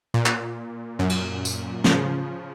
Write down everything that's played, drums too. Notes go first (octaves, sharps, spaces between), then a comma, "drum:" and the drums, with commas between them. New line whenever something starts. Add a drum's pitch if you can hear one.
A#2
drum: clap
F#2
drum: cymbal
drum: tambourine
C#3 F3, drum: snare